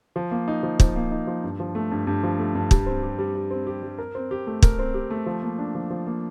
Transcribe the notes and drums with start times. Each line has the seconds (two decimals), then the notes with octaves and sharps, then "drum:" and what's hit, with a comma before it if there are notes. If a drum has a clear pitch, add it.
0.16 F3
0.31 A#3
0.48 D#4
0.63 F3
0.80 F3, drum: kick
0.96 A#3
1.11 D#4
1.27 F3
1.44 G2
1.60 F3
1.75 A3
1.91 G2
2.07 G2
2.23 F3
2.39 A3
2.55 G2
2.71 G3, drum: kick
2.86 C4
3.03 G4
3.19 G3
3.35 G3
3.51 C4
3.67 G4
3.83 G3
3.98 A#4
4.15 C4
4.31 G4
4.47 A3
4.62 A#4, drum: kick
4.79 C4
4.94 G4
5.10 A3
5.26 F3
5.43 A#3
5.59 D4
5.75 F3
5.90 F3
6.07 A#3